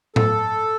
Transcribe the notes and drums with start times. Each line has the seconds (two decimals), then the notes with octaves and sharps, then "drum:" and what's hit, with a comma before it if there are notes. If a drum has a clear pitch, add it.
0.16 A4, drum: tom A2